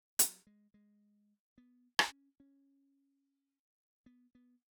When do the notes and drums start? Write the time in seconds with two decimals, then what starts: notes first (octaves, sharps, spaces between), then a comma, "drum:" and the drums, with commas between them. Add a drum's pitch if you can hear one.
0.19 F#3, drum: hi-hat
0.47 G#3
0.74 G#3
1.58 B3
1.99 C#4, drum: rim click
2.40 C#4
4.06 B3
4.35 B3